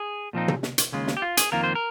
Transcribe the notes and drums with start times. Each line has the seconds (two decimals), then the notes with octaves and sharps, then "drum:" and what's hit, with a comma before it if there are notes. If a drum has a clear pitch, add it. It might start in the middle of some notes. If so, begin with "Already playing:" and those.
Already playing: G#4
0.33 A#2 F3 C4 D#4
0.48 drum: tom
0.63 drum: snare
0.78 drum: hi-hat
0.92 D#2 C#3 G#3 C#4 F4
1.07 drum: snare
1.17 G4
1.22 F4
1.37 G#4, drum: hi-hat
1.52 F2 D#3 A#3 F4 A#4
1.64 C5
1.75 A#4